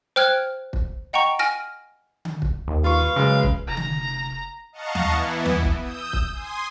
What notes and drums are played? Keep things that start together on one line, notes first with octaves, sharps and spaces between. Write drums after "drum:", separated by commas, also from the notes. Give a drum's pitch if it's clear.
C5 G5 F6 F#6 G#6
drum: kick
D#5 F#5 G5 A#5 C#6
G#5 F6 A#6 D7
drum: tom D3
drum: kick
D#2
F4 B4 F5 C#6
F#2 C#3 G#3
drum: kick
F1 A#5
drum: tom D3
D#5 F5 F#5 A5 A#5 C#6
drum: tom D#2
E3 B3 E4
drum: tom D#2
drum: kick
D#6 E6 G6
drum: kick
G#5 C6 D#6